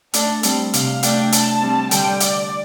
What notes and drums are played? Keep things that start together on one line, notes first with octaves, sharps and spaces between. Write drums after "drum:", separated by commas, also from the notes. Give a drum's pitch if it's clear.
A3 D4 A4, drum: hi-hat
G3 C4, drum: hi-hat
C3 F5, drum: hi-hat
A3 D4 G5, drum: hi-hat
A5, drum: hi-hat
G3 C4
D3 G3 G5, drum: hi-hat
D5, drum: hi-hat